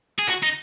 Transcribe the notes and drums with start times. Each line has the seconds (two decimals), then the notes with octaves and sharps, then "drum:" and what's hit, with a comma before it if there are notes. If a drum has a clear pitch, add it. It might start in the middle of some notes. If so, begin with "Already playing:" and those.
0.19 G#4
0.28 F#4, drum: hi-hat
0.43 D#4